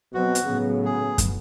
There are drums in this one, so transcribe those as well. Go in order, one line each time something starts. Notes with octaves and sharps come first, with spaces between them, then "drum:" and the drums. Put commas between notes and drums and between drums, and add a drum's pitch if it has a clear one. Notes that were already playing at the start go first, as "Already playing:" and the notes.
B2 F#3 C4 F#4
drum: hi-hat
A2 C#3 F#3 B3
G#4
drum: kick, hi-hat